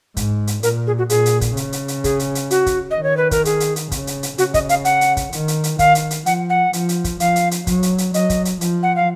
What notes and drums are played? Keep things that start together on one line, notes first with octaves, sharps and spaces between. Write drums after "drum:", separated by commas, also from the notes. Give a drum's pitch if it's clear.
G#2, drum: kick, hi-hat
drum: hi-hat
A#2 A#4, drum: hi-hat
G#4
F#4
A#2 G#4, drum: hi-hat
drum: hi-hat
drum: kick, hi-hat
C#3, drum: hi-hat
drum: hi-hat
drum: hi-hat
G#4, drum: kick, hi-hat
drum: hi-hat
drum: hi-hat
F#4, drum: hi-hat
drum: kick, hi-hat
D#5
D#3
C#5
B4
A#4, drum: kick, hi-hat
G#4, drum: hi-hat
drum: hi-hat
drum: hi-hat
C#3, drum: kick, hi-hat
drum: hi-hat
drum: hi-hat
C#3 F#4, drum: hi-hat
D#5, drum: kick, hi-hat
F5, drum: hi-hat
F#5, drum: hi-hat
drum: hi-hat
drum: kick, hi-hat
D#3, drum: hi-hat
drum: hi-hat
drum: hi-hat
D#3 F5, drum: kick, hi-hat
drum: hi-hat
drum: hi-hat
F3 F#5, drum: hi-hat
F#5
F3, drum: hi-hat
drum: hi-hat
drum: kick, hi-hat
F3 F5, drum: hi-hat
drum: hi-hat
drum: hi-hat
F#3, drum: kick, hi-hat
drum: hi-hat
drum: hi-hat
F#3 D#5, drum: hi-hat
drum: kick, hi-hat
drum: hi-hat
F3, drum: hi-hat
F#5
F5